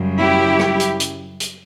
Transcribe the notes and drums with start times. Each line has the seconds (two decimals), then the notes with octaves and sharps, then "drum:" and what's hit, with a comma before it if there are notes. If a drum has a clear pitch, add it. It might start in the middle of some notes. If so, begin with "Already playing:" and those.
Already playing: F#2 C#3 G3
0.19 E4 G4
0.60 drum: rim click
0.80 drum: hi-hat
1.00 drum: hi-hat
1.40 drum: hi-hat